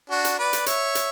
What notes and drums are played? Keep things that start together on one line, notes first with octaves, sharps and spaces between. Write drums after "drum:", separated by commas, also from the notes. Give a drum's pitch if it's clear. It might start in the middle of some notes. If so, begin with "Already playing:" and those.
D4 F#4
drum: hi-hat
B4 D5
drum: hi-hat
C#5 E5, drum: hi-hat
drum: hi-hat